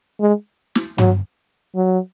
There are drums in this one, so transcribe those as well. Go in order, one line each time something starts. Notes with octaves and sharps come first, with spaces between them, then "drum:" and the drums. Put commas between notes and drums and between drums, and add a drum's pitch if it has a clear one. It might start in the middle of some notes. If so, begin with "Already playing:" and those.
G#3
drum: snare
F#3, drum: tom G2
F#3